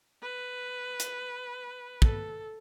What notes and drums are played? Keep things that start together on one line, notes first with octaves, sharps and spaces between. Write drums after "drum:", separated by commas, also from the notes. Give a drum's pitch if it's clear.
B4
drum: hi-hat
A4, drum: kick